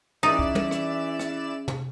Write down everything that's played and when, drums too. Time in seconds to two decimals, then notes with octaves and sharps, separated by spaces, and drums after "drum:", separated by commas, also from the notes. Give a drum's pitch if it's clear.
0.23 E3 C#4 D#4 G#4 D5 E5 E7
0.39 drum: kick
0.55 drum: tom
0.71 drum: rim click
1.20 drum: rim click
1.68 drum: tom